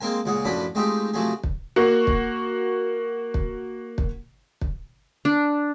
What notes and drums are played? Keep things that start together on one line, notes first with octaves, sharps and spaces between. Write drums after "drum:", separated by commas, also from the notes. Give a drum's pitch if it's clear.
G#3 A#3 C4 A#4 G#5
C#2 A#2 G#4 F#5
F#2 A2 F3 D4 B5
G#3 A3 C4 D#4 F4 G4
C3 F3 F#3 A3 G#4
drum: kick
A#3 F#4
drum: kick
drum: kick
drum: kick
drum: kick
D4